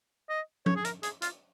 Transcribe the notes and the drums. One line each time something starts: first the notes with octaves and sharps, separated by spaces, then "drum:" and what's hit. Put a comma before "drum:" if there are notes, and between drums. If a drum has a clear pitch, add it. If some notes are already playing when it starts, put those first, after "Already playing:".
D#5
C#5, drum: tom F3
G#4
A#4, drum: hi-hat
G#4, drum: hi-hat
F4, drum: hi-hat